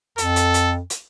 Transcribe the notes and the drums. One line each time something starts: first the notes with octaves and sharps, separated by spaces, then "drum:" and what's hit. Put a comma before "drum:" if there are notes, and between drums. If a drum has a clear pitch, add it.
F2 A4, drum: hi-hat
drum: hi-hat
drum: hi-hat
drum: hi-hat